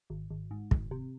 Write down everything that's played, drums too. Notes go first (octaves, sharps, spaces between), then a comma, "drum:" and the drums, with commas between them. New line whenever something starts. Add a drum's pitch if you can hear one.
G#1
G#1
G#2
G#1, drum: kick
C3